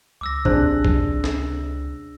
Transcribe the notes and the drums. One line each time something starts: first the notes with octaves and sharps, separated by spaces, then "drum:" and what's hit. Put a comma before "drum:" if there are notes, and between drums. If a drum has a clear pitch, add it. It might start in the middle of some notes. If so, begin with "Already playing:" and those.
C#2 D6 E6 A#6
C3 D4 G#4 C5 F#6, drum: kick
drum: kick
drum: snare